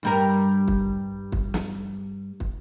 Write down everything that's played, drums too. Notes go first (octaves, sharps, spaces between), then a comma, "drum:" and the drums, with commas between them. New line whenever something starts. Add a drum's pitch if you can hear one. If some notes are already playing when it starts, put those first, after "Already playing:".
G2 G3 A#4
drum: kick
drum: kick
drum: snare
drum: kick